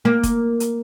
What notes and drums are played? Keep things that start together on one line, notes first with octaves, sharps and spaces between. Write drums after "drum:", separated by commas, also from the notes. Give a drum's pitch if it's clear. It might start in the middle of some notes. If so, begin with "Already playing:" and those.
A#3
drum: kick F1, hi-hat
drum: hi-hat